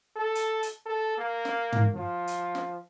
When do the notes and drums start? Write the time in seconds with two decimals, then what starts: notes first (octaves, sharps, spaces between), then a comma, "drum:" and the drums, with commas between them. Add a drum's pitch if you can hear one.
0.16 A4
0.35 drum: hi-hat
0.63 drum: hi-hat
0.86 A4
1.18 A#3
1.45 drum: snare
1.73 drum: tom
1.94 F3
2.27 drum: hi-hat
2.55 drum: snare